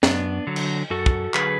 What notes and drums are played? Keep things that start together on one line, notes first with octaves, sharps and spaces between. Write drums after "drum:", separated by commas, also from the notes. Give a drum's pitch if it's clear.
F#2 B3 D4, drum: snare
D3 F#3
drum: cymbal
F#2 F#4 A4
drum: kick
D3 F#3 G#4 B4, drum: clap